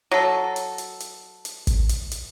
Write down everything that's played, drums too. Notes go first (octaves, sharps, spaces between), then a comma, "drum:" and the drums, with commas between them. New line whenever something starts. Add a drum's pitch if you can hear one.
F#3 A4
drum: hi-hat
drum: hi-hat
drum: hi-hat
drum: hi-hat
drum: kick, hi-hat
drum: hi-hat
drum: hi-hat